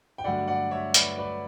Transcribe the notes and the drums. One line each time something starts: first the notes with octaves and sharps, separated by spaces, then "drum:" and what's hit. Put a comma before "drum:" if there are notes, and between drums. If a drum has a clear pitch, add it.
G5
G2 D3 F#3 A3 D5 F#5
D5 F#5
C#5 E5
B4 D5, drum: hi-hat
B4 D5